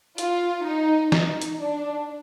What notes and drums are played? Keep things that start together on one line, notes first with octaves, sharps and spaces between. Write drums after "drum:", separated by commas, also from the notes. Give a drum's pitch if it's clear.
F4, drum: hi-hat
D#4
D#4, drum: snare
drum: hi-hat
D4